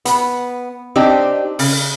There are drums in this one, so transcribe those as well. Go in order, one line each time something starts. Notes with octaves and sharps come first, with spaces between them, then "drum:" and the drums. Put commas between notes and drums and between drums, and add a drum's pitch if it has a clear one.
B3, drum: hi-hat
C4 D4 D#4 G4
C#3, drum: open hi-hat